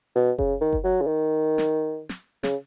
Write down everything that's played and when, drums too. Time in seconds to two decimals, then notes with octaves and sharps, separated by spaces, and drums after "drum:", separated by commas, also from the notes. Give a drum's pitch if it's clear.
0.16 B2
0.38 C#3, drum: kick F#1
0.61 D#3
0.73 drum: kick F#1
0.84 F#3
1.01 C#3
1.07 D#3
1.58 drum: snare
2.09 drum: snare
2.43 C#3, drum: snare